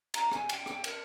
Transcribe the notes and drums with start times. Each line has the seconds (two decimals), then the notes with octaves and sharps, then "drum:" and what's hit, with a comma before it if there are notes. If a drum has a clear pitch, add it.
0.14 A#5, drum: cymbal
0.31 G#5, drum: rim click
0.49 G5, drum: cymbal
0.66 G5, drum: rim click
0.84 A#4, drum: cymbal